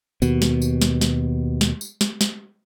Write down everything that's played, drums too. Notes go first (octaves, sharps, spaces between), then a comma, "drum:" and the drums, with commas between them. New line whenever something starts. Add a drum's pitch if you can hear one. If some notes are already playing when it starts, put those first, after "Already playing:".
D#2 B2, drum: tambourine
drum: snare
drum: tambourine
drum: snare
drum: snare
drum: snare
drum: tambourine
drum: snare
drum: snare